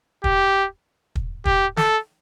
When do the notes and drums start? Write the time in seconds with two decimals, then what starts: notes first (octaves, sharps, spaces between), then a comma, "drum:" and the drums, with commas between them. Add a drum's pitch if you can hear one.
0.24 G4, drum: kick
1.15 drum: kick
1.45 G4, drum: kick
1.77 A4, drum: snare